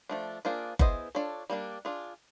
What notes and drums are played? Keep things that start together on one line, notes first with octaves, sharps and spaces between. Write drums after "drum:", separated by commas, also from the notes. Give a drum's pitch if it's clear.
F3 A3 D4
A#3 D4 F4 G#4 C5
B3 E4 G#4 C5 D#5, drum: kick F#1
D4 F4 A4 C#5
G3 A#3 D4
D4 F4 G#4